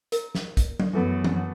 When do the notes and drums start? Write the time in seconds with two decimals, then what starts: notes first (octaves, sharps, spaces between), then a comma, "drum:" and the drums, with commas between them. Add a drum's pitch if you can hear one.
0.12 A#4, drum: hi-hat
0.35 drum: snare
0.57 drum: kick, hi-hat
0.80 drum: tom
0.93 F#2 E3 F#3 A3 B3
1.24 drum: tom